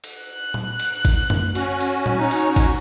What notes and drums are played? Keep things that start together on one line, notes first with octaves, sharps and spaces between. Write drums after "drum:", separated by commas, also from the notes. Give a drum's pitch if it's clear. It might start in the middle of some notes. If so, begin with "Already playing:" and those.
drum: cymbal
F#6
drum: tom A#2
drum: cymbal
drum: kick G#1, cymbal
drum: tom F#2
C#4 F#4, drum: cymbal
drum: cymbal
drum: tom A#2
D#4 C#5
drum: cymbal
drum: kick G#1, cymbal